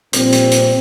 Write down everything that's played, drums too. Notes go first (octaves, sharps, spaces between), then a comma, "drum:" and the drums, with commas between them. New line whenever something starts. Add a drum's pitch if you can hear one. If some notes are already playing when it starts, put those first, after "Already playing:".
A#1 A#2 G3 C4, drum: hi-hat
drum: hi-hat
drum: hi-hat